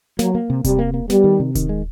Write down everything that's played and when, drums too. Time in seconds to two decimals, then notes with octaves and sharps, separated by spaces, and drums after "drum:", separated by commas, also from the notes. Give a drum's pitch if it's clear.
0.19 F#3 A#3, drum: snare
0.35 A#3
0.50 C3
0.64 C3 G3, drum: kick D#1, hi-hat
0.79 A#3
0.94 A#3
1.10 G3 B3, drum: snare
1.24 D#3
1.40 C3
1.55 D#3, drum: kick D#1, hi-hat
1.69 G#3